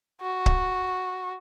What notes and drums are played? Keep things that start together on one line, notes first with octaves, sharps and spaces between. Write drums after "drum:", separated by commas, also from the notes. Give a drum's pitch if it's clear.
F#4
drum: kick C#1